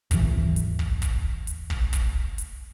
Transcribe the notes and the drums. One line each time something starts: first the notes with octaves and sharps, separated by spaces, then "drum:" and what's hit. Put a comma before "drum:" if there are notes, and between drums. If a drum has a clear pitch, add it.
D#2 G#2 E3, drum: kick, hi-hat
drum: hi-hat
drum: kick
drum: kick, hi-hat
drum: hi-hat
drum: kick
drum: kick, hi-hat
drum: hi-hat